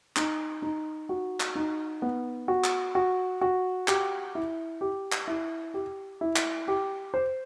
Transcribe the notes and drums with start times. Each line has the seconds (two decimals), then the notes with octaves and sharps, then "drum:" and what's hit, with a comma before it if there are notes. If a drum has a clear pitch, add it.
0.16 D#4, drum: clap
0.62 D#4
1.09 F#4
1.40 drum: clap
1.55 D#4
2.02 B3
2.48 F#4
2.64 drum: clap
2.95 F#4
3.41 F#4
3.88 G4, drum: clap
4.35 E4
4.81 G4
5.12 drum: clap
5.28 E4
5.74 G4
6.21 E4
6.36 drum: clap
6.68 G4
7.14 C5